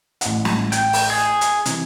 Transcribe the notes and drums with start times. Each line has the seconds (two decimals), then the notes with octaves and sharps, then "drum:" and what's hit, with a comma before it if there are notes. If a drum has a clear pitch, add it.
0.21 A1 F#5, drum: hi-hat
0.45 drum: snare
0.72 G5, drum: hi-hat
0.93 drum: open hi-hat
1.10 G#4
1.41 drum: hi-hat
1.66 C3 E3, drum: hi-hat